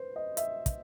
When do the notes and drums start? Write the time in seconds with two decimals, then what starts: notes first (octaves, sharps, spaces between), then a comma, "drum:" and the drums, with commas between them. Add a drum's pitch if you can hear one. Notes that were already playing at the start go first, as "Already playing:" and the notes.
Already playing: B4 C5
0.16 D#5
0.37 E5, drum: hi-hat
0.66 drum: kick, hi-hat